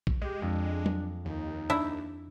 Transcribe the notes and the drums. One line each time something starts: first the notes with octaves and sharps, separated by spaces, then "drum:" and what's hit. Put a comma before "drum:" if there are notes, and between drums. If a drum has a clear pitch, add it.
drum: kick A#1
G#3 G4
F2 D4
drum: tom F#3
D#2 D#4
D4 E4 E5